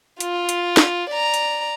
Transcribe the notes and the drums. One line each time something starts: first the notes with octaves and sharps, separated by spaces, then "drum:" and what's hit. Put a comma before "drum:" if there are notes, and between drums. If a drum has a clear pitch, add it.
F4, drum: hi-hat
drum: hi-hat
drum: snare
D5 A#5
drum: hi-hat